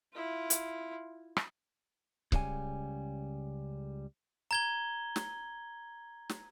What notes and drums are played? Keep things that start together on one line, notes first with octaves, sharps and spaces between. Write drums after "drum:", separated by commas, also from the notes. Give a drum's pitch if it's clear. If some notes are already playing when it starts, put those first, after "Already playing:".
E4 F4
drum: hi-hat
drum: rim click
C#2 C#3 G3 G#5, drum: kick C#1
A#5 G#6 G7
drum: snare
drum: snare